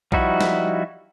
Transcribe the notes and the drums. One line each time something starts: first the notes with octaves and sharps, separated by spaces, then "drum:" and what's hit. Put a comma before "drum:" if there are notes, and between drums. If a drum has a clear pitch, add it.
F3 G3 D#4 E4 F#4, drum: kick
drum: snare